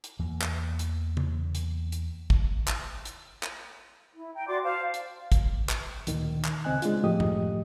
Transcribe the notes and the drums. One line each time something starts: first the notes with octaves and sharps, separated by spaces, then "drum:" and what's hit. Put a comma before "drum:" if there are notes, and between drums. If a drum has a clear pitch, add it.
drum: hi-hat
E2 E3 A#3
drum: clap
drum: hi-hat
drum: tom
drum: hi-hat
drum: hi-hat
drum: kick
drum: clap
drum: hi-hat
drum: clap
E4
G5 A#5
F#4 D5 C6 D6
C5 F5 A5
drum: hi-hat
drum: kick, hi-hat
drum: clap
D2 A#2 D#3, drum: hi-hat
drum: clap
C#2 C#3 C4 D#5 G#5 F#6
G#3 D4 F4, drum: hi-hat
A2 F3 A3 G4 D#5 D#6
drum: tom F#2